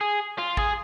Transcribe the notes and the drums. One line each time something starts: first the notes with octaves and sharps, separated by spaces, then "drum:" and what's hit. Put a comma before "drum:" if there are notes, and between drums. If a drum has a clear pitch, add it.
G#4
F4
G#4, drum: kick